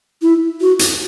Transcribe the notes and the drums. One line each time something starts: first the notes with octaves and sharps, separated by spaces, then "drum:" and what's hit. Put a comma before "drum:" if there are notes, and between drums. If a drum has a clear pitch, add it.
E4
F#4
drum: hi-hat